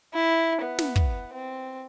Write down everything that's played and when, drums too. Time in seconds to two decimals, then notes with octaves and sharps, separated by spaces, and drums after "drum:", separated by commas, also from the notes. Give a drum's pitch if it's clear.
0.14 E4
0.62 B3
0.79 drum: snare
0.96 drum: kick
1.33 C4